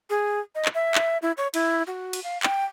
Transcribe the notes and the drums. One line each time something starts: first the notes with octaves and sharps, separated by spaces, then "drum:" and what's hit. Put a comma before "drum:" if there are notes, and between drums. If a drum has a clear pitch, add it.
G#4
D#5
drum: clap
E5
drum: clap
E4
C#5
E4, drum: cymbal
F#4
drum: cymbal
F5
G5, drum: clap